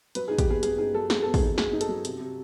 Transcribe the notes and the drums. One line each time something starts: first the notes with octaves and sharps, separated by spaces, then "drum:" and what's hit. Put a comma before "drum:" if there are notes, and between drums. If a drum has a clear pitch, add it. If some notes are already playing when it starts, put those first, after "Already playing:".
F#3 B4, drum: hi-hat
D#4 G#4
G4, drum: kick, hi-hat
B3 G#4
F#3 G#4, drum: hi-hat
D#4 G#4
F#3 A4
F#3 G#4, drum: snare
B3 A4
G#4, drum: kick, open hi-hat
D#4
F#3 G#4, drum: snare
D#4
A4, drum: hi-hat
F#3
C3, drum: hi-hat
C3